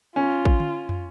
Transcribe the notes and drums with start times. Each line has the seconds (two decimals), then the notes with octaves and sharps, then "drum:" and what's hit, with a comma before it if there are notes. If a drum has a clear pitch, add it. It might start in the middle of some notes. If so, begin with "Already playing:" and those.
0.16 C#4 F4
0.45 drum: kick
0.60 drum: tom D3
0.89 drum: tom